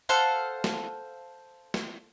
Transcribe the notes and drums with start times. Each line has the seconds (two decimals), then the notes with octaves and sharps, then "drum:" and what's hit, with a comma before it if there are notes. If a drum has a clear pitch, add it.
0.09 A4 C5 F5 F#5
0.64 drum: snare
1.74 drum: snare